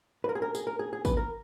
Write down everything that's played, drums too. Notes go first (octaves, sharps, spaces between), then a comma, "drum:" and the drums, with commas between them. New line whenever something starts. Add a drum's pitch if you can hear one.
B4
A#4
G#4
A#4
G#4, drum: tambourine
A#4
G#4
G#4
B4, drum: kick G#1, tambourine
A#4